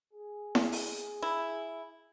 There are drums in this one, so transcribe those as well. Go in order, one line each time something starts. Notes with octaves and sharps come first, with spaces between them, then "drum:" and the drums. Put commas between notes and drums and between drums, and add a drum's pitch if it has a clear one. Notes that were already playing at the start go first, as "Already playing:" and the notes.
G#4
drum: snare E4
drum: open hi-hat
E4